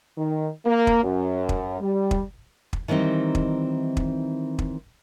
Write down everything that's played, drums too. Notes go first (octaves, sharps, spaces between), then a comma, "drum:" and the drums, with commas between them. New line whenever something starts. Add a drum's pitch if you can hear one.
D#3
A#3
drum: kick
F#2
drum: kick
G3
drum: kick
drum: kick
D#3 E3 G3 C4 D#4
drum: kick
drum: kick
drum: kick